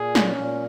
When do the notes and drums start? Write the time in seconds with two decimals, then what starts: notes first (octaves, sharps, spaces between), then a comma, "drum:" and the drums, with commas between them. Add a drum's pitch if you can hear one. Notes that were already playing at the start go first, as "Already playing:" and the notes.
Already playing: A#2 G#4
0.15 C#4, drum: snare
0.37 A#2